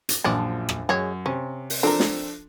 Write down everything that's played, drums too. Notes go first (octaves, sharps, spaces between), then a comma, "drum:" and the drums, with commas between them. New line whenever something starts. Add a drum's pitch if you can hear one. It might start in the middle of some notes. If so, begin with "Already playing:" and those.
drum: hi-hat
A#1 F#2 F3 D4
drum: rim click
F#2 G#3 G#4 C#5
C3 C#4
drum: open hi-hat
F3 C4 D4 A4 A#4
drum: snare